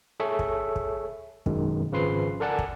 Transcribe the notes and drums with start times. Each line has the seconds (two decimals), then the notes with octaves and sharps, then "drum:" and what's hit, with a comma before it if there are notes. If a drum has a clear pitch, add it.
0.20 G#4 A4 C#5 E5
0.39 drum: kick
0.76 drum: kick
1.46 F#2 B2 D#3 G#3, drum: kick
1.92 G#1 C#3 F3 B4 C6 C7
2.40 A4 A#4 D5 F#5 G#5 A5
2.59 drum: kick